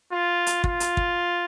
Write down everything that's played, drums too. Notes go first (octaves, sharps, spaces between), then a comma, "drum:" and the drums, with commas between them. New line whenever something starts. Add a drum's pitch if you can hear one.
F4
drum: hi-hat
F4, drum: kick
drum: hi-hat
drum: kick